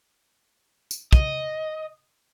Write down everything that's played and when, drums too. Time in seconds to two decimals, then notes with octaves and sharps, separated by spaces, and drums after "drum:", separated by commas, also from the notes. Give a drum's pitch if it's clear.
0.91 drum: tambourine
1.13 D#5, drum: kick